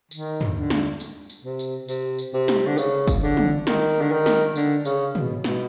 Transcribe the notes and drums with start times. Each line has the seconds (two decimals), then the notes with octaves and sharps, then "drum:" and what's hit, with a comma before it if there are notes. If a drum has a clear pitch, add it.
0.11 D#3, drum: tambourine
0.41 drum: tom
0.56 D3
0.70 drum: snare
1.00 drum: tambourine
1.30 drum: tambourine
1.44 C3
1.59 drum: tambourine
1.88 C3, drum: tambourine
2.19 drum: tambourine
2.33 C3
2.48 drum: snare
2.66 D3
2.78 C#3, drum: tambourine
3.07 drum: kick, tambourine
3.22 D3
3.37 drum: tom
3.67 D#3, drum: snare
4.01 D3
4.11 D#3
4.26 drum: snare
4.56 D3, drum: tambourine
4.85 C#3, drum: tambourine
5.15 B2, drum: tom
5.44 B2, drum: snare